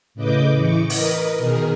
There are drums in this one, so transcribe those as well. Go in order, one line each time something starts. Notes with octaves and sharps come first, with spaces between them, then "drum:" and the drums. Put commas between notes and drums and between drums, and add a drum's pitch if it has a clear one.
A2 C#3 B4 D#5 D6 G6
E3 C#6 D6
A#4 B4 D#5, drum: open hi-hat
B2 D#3 G#4 A#4